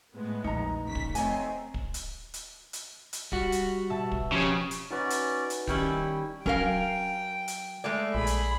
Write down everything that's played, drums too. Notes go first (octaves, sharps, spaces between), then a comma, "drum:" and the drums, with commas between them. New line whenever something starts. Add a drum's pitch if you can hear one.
A2 G#3 B3
A#1 E2 D#4 A#5
A#2 C#3 B6
drum: kick
A3 C4 D#4 C#5 D#5 G#5, drum: hi-hat
drum: kick
drum: hi-hat
drum: hi-hat
drum: hi-hat
drum: hi-hat
G3 F#4, drum: kick
drum: hi-hat
B2 E5 A5
drum: kick
C#3 F3 G4
drum: hi-hat
C#4 D#4 F#4 B4 D5
drum: hi-hat
drum: hi-hat
D#3 G3 C#4 D#4 E4 G5, drum: kick
F#3 C#4 A#4 F5 G5, drum: kick
drum: hi-hat
G#3 A3 D5
A#1 G#4 B5
drum: hi-hat